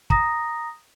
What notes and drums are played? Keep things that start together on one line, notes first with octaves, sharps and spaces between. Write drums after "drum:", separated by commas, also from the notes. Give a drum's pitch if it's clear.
A#5 D#6 A#6, drum: kick